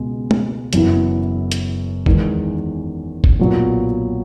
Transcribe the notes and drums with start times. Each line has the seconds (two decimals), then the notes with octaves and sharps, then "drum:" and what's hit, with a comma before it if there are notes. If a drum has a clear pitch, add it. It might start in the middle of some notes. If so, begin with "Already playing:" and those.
Already playing: C#2 B2 G#3 B3
0.31 drum: tom
0.73 F#1 F#2 E3 B3 E4, drum: hi-hat
1.52 drum: hi-hat
2.06 E2 D#3 G#3, drum: kick
3.24 drum: kick
3.39 B1 A#2 F#3 B3